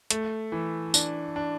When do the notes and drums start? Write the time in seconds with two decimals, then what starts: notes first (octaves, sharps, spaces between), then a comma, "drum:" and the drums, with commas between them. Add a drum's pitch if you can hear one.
0.10 A3, drum: hi-hat
0.52 E3
0.94 D4, drum: tambourine
1.36 D4